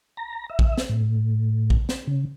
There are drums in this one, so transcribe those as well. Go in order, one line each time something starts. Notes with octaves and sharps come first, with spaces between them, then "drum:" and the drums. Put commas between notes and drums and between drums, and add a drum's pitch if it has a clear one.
A#5
E5
drum: kick
drum: snare
A2
drum: kick
drum: snare
C#3